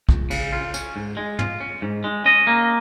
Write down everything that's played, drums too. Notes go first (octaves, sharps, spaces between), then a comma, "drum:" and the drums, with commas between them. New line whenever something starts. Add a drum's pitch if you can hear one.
C#2, drum: kick
C#3, drum: cymbal
F4
C#4, drum: tambourine
G#2
G#3
F4, drum: tom
C#4
G#2
G#3
C#4 D#5
A#3